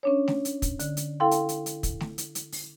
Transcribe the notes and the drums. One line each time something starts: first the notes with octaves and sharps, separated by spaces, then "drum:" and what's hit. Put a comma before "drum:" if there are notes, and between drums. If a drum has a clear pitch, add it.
C#4 D4 C#5
drum: snare A3
drum: hi-hat
drum: kick, hi-hat
D3, drum: hi-hat
drum: hi-hat
E4 A4 F5 G5 C6
drum: hi-hat
drum: hi-hat
drum: hi-hat
drum: kick, hi-hat
drum: snare A3
drum: hi-hat
drum: hi-hat
drum: open hi-hat